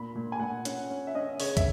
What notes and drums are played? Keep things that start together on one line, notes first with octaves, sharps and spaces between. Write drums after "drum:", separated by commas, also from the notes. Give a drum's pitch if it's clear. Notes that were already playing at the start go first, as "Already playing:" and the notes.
Already playing: A#2 B5
A#2
G#5
A#2 F#5
C#4 F#5, drum: hi-hat
C#4
E5
C#4 D#5
C#3 C#5, drum: open hi-hat
E5, drum: kick, hi-hat